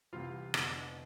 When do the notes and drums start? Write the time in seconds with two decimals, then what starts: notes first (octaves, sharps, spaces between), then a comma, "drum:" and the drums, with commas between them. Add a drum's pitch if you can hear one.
0.13 C2 C3 E3 F4
0.54 F1 E2 D3, drum: rim click